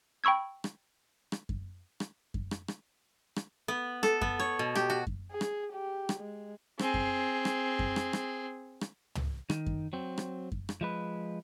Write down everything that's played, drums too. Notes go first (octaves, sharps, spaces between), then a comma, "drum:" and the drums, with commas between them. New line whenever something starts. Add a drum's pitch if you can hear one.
G5 B5 C#6 E6 G#6
drum: rim click
drum: rim click
drum: kick F#2
drum: rim click
drum: kick F#2
drum: rim click
drum: rim click
drum: rim click
B3
A4, drum: rim click
B3, drum: kick F#2
C#5
B2
G4, drum: rim click
F#4
drum: kick F#2
G#4
drum: rim click
G4
drum: rim click
G#3
C4 G#4, drum: rim click
drum: kick F#2
drum: rim click
drum: kick F#2
drum: rim click
drum: rim click
drum: rim click
drum: tom
D#3, drum: rim click
drum: kick F#2
F#3 C4
drum: rim click
drum: kick F#2
drum: rim click
F3 G#3 B4